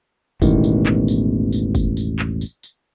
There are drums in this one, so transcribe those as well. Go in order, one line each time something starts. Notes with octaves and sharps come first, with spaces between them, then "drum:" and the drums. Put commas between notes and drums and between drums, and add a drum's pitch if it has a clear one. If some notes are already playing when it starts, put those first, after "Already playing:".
E1 A1 E2 D#3, drum: kick, tambourine
drum: tambourine
drum: clap
drum: tambourine
drum: tambourine
drum: kick, tambourine
drum: tambourine
drum: clap
drum: tambourine
drum: tambourine